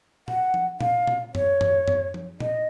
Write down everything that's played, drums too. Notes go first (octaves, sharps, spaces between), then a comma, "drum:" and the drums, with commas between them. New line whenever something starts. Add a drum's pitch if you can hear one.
F#5, drum: tom A#2
drum: tom F3
F5, drum: tom A#2
drum: tom A#2
C#5, drum: tom F#2
drum: tom F#2
drum: tom F#2
drum: tom F3
D#5, drum: tom A#2